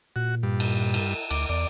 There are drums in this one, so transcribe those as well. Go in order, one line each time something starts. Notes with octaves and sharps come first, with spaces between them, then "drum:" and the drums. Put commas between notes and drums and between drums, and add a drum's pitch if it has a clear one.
A#2 F#4
G2
drum: cymbal
drum: cymbal
D2 D6, drum: cymbal
E2 D5